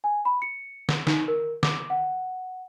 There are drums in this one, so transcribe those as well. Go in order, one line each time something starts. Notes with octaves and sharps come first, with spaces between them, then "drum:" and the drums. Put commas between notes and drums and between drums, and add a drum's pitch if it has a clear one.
G#5
B5
C#7
drum: snare
D#4, drum: snare
A#4
D6, drum: snare
F#5